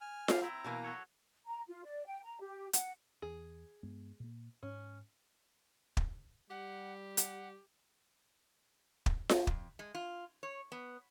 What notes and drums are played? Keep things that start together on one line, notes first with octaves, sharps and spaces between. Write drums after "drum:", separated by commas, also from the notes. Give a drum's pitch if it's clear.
G#5 F6
G3 F5, drum: snare F4
C4 E4 A#5
B2 E3 A#3
F#4 A4 C#5
A#5
F4
D5
G5
A#5
G4
F#5, drum: hi-hat
E2 G#4
G2 G#3 B3
A#2 A#3
G#2 C#4
drum: kick
G3 G4 F#5
F#5, drum: hi-hat
drum: kick
drum: snare F4
F2, drum: kick
G#3
F4
C#5
B3